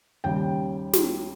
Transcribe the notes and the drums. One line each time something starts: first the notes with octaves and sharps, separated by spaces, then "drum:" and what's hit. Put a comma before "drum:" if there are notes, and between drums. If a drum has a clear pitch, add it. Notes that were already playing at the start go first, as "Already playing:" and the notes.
D#2 C#3 G3 G5
drum: snare